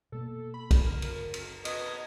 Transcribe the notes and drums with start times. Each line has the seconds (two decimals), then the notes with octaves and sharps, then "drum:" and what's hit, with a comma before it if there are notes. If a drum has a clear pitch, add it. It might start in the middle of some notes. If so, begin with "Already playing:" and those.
0.12 B2 A#3 B3 A4
0.54 B5
0.71 drum: kick, cymbal
0.86 F#1 D3 A#4
1.02 drum: cymbal
1.34 drum: cymbal
1.65 B3 D#5 G#6, drum: cymbal